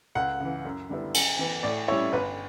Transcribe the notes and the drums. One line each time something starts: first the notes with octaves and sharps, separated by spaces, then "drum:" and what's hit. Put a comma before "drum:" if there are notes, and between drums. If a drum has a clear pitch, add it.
C#2 F#5
C#3 E3
F#2
D3 G3 B3 E4
F#2, drum: cymbal
E3 B3
A2 D5
G3 C#4 E4 C#5
G1 B4